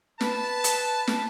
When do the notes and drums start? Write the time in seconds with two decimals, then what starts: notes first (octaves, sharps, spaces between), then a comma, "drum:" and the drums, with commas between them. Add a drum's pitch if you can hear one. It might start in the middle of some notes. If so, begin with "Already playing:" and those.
0.21 B4 A5, drum: snare
0.64 drum: hi-hat
1.07 drum: snare